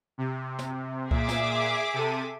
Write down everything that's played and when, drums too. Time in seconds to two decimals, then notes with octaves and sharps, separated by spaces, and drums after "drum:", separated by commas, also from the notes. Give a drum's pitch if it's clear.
0.18 C3
0.59 drum: snare
1.11 A#2 G#4 E5 D6, drum: kick C2
1.29 drum: snare
1.94 C3 A4 D#7